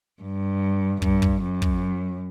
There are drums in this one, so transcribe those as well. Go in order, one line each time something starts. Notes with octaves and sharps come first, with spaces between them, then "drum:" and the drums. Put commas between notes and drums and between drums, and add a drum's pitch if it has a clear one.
G2
G2, drum: kick
drum: kick
F#2
drum: kick